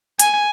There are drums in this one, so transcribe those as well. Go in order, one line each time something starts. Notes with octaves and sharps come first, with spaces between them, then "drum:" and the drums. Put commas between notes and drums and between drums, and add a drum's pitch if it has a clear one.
G#5, drum: hi-hat